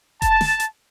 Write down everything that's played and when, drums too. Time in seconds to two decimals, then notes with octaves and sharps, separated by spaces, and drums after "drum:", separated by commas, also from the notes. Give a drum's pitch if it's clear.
0.22 A5, drum: kick F1, hi-hat
0.41 drum: snare
0.60 drum: hi-hat